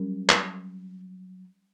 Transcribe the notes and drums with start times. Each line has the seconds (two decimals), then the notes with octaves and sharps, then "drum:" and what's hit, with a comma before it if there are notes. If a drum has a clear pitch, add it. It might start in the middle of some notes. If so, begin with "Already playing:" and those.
Already playing: F#3 G3 C#4 G4 A#4
0.29 drum: clap